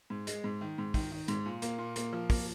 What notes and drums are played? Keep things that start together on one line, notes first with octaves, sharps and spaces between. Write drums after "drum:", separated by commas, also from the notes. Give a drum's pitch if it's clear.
G#2
G#3, drum: hi-hat
G#2
D#3
G#2
D#3, drum: kick, open hi-hat
D#3
G#2, drum: hi-hat
A#2
A#3, drum: hi-hat
A#2
A#3, drum: hi-hat
F3
A#3, drum: kick, open hi-hat